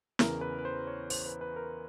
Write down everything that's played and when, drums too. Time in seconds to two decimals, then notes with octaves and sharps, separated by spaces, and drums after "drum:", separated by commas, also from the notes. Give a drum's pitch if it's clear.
0.19 E2 C#3 E3 A#4, drum: snare
0.41 B4
0.59 B4
0.65 C5
0.87 C#5
1.10 C5, drum: open hi-hat
1.26 B4
1.41 B4
1.56 A#4